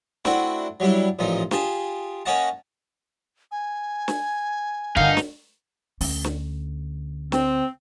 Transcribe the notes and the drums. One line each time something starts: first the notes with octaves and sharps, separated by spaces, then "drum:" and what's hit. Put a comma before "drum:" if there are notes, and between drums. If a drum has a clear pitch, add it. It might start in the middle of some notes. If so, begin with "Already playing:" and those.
A3 C4 D4 E4 F#4, drum: snare
F#3 G3 D4 E4
A1 A#2 F3 D#4
F4 G4 G#4 A5, drum: snare
A#3 C#4 C#5 D#5 F#5 A5
G#5
drum: snare
G1 D3 D#4 A#4 F5, drum: kick
drum: snare
D2 C#4, drum: open hi-hat
drum: snare
C4, drum: snare